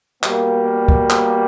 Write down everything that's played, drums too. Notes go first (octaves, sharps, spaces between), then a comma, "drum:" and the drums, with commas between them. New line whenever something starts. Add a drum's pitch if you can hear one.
B2 G3 A#3, drum: clap
drum: kick
drum: clap